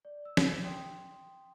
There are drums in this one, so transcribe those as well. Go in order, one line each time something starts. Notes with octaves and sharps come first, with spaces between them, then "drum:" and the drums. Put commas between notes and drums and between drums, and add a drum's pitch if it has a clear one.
D5
E6
drum: snare
G5 C6 D#6